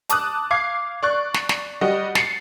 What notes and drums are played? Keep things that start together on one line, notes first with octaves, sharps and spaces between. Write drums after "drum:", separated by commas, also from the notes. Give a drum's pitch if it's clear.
A5 D6 D#6 F#6, drum: hi-hat
F5 D6 G#6 C7
D5 C#6 F#6
drum: snare
drum: snare
G3 F#4 G4 D#5
A6 C7 C#7, drum: snare